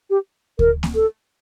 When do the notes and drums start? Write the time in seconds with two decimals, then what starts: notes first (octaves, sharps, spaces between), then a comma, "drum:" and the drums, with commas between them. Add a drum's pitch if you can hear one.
0.10 G4
0.59 A#4, drum: kick D2
0.83 drum: snare A#3
0.95 A4